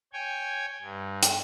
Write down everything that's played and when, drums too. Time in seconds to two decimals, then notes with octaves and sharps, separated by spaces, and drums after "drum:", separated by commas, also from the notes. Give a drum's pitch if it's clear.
0.13 C#5 G5 G#5
0.82 G2
1.23 drum: hi-hat